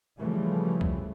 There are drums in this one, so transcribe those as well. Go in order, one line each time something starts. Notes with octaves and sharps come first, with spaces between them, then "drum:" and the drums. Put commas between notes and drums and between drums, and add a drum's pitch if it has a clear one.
C#3 E3 F3 G3 A3
drum: kick C2